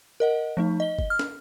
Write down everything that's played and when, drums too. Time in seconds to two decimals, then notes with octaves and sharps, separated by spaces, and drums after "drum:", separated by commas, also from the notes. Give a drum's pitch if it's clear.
0.20 A#4 D#5 F#5
0.57 F3 A3 D#4
0.80 D#5 G7
0.99 drum: kick F#1
1.10 F6
1.19 drum: snare